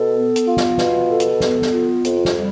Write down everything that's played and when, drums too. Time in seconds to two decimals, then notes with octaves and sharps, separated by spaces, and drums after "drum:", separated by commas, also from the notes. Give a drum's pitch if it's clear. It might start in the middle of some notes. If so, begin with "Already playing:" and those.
Already playing: B2 A4
0.15 B3
0.36 drum: hi-hat
0.47 F4
0.57 drum: snare
0.78 B2, drum: snare
1.10 A4
1.20 drum: hi-hat
1.40 B3, drum: snare
1.62 drum: snare
1.72 F4
2.05 F2, drum: hi-hat
2.25 drum: snare
2.35 G3